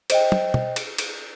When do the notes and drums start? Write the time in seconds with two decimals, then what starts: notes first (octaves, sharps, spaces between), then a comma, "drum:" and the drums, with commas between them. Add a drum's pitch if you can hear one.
0.10 C5 D#5 G5, drum: cymbal
0.32 drum: tom
0.54 drum: tom
0.76 drum: cymbal
0.98 drum: cymbal